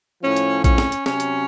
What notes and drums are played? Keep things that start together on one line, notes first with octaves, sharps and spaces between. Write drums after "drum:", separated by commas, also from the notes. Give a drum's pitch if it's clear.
A2 F3 C#4
drum: hi-hat
C#4, drum: kick A#1, hi-hat
drum: snare
drum: hi-hat
C3 F#3 C#4, drum: snare
drum: hi-hat